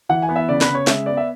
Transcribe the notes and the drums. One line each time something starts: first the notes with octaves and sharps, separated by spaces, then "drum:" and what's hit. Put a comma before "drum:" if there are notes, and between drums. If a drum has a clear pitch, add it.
E3 F#5
G#5
B3
E5
C#3 D5
B4, drum: snare
C#3
C#5
G#3 E5, drum: snare
B3 D5
E5